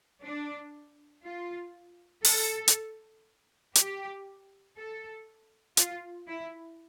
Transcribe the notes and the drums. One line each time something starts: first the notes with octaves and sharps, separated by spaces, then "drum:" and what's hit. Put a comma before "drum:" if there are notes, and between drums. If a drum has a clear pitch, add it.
D4
F4
A4, drum: open hi-hat
drum: hi-hat
G4, drum: hi-hat
A4
F4, drum: hi-hat
E4